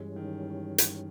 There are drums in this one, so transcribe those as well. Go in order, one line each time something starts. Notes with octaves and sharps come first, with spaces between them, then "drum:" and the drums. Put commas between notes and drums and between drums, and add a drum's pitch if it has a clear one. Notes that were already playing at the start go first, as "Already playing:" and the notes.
Already playing: G2 E3 G3 G#3 C#4
D#3
drum: hi-hat